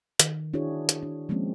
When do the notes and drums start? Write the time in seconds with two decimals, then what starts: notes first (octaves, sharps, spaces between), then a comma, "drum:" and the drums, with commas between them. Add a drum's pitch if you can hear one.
0.20 D#3, drum: hi-hat
0.54 D4 E4 F#4 G#4 C#5
0.89 drum: hi-hat
1.03 D4
1.29 F3 G#3 A#3 C4 C#4